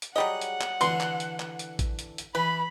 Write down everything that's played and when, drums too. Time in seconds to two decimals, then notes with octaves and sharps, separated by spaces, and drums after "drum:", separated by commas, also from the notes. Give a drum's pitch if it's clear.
0.02 drum: hi-hat
0.16 F#3 G3 G#4 D#5 F#5
0.41 drum: hi-hat
0.61 drum: clap
0.81 D3 E3 C6, drum: hi-hat
1.00 drum: clap
1.20 drum: hi-hat
1.40 drum: clap
1.59 drum: hi-hat
1.79 drum: kick A1, hi-hat
1.99 drum: hi-hat
2.18 drum: hi-hat
2.35 E3 B4 B5